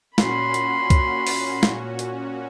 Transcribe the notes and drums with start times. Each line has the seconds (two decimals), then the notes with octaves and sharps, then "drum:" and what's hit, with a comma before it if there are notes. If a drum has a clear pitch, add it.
0.18 A#2 C#4 F#4 B5 C6, drum: snare
0.54 drum: hi-hat
0.90 drum: kick C2, hi-hat
1.27 drum: open hi-hat
1.63 drum: snare
1.99 drum: hi-hat